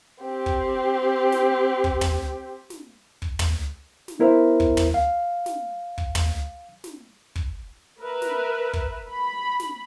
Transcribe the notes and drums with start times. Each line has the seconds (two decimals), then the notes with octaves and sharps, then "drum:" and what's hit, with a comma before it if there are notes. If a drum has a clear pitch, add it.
0.23 C4 G4
0.46 drum: kick
1.32 drum: snare
1.84 drum: kick
2.01 drum: tom
2.70 drum: snare
3.22 drum: kick
3.39 drum: tom
4.08 drum: snare
4.19 B3 E4 A#4 C5 E5
4.60 drum: kick
4.77 drum: tom
4.94 F5
5.46 drum: snare
5.98 drum: kick
6.15 drum: tom
6.84 drum: snare
7.36 drum: kick
8.01 A#4 B4 E5
8.22 drum: snare
8.73 drum: kick
9.10 B5
9.60 drum: snare